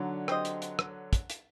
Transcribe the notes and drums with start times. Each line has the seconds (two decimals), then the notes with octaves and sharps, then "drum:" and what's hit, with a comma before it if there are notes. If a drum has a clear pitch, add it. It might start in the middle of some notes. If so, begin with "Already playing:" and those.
Already playing: D3 F#3 A3 D#4 A4 D5
0.28 C4 G4 C5 D#5, drum: rim click
0.45 drum: hi-hat
0.62 drum: hi-hat
0.79 drum: rim click
1.13 drum: kick, hi-hat
1.30 drum: hi-hat